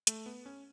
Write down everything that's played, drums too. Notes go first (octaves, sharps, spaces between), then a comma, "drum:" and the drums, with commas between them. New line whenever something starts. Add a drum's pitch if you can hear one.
A3, drum: hi-hat
B3
C#4